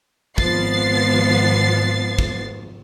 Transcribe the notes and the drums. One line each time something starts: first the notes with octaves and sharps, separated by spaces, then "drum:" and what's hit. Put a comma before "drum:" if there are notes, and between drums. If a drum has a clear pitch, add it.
G#1 F3 B3 A6 C7, drum: kick
drum: kick